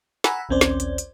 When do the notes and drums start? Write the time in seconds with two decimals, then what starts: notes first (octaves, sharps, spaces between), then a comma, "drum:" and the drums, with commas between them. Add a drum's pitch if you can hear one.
0.24 F#5 G#5 A#5 B5 E6, drum: snare
0.49 A#1 D#2 C4 C#4 C5 D5
0.61 drum: snare
0.80 drum: hi-hat
0.98 drum: hi-hat